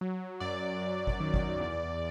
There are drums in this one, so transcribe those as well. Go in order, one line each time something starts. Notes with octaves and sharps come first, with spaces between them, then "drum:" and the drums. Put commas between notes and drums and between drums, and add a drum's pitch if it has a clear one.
F#3
F#2 D5
F#2
drum: kick
D#3
drum: kick
E2